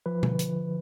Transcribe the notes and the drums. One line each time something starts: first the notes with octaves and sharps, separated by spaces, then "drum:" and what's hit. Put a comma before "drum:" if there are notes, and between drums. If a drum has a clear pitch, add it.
F3 B4
D3, drum: tom B2
drum: hi-hat